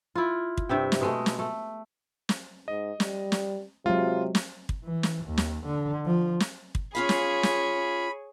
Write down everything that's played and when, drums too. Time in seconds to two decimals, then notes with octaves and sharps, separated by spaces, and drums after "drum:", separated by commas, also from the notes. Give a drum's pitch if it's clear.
0.15 E4 F4
0.57 drum: kick
0.69 G2 C3 E5 G5
0.92 drum: snare
1.01 B2 G#3 A3
1.26 drum: snare
1.39 A3
2.29 drum: snare
2.68 G#2 D#5
3.00 G3, drum: snare
3.32 drum: snare
3.86 C3 F#3 G#3 F4
4.35 drum: snare
4.69 drum: kick
4.84 E3
5.03 drum: snare
5.26 D#2
5.38 drum: snare
5.66 D3
6.06 F3
6.40 drum: snare
6.75 drum: kick
6.95 C#4 F4 G#4 C#5 F5 B5
7.09 drum: snare
7.43 drum: snare